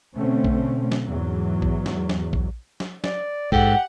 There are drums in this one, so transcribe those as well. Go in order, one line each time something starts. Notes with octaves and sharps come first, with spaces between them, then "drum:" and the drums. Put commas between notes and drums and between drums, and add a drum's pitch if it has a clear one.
B2 D3 A3 C4 C#4
drum: kick A#1
drum: snare
E2 G#2 F#3
drum: kick A#1
drum: snare
drum: snare
drum: kick A#1
drum: snare
D5, drum: snare
G#2 G4 A4 F#5, drum: kick A#1